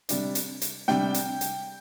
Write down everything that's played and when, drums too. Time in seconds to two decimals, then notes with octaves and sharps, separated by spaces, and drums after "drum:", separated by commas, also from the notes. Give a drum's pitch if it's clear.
0.09 C3 G3 D4, drum: hi-hat
0.35 drum: hi-hat
0.62 drum: hi-hat
0.88 C3 G3 D4 G5, drum: snare
1.14 drum: hi-hat
1.41 drum: hi-hat